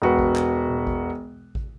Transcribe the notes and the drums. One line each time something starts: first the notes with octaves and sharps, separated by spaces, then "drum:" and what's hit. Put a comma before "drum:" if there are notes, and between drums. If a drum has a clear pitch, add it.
E1 F#4 B4
drum: kick A1
drum: clap
drum: tom B2
drum: kick A1
drum: kick A1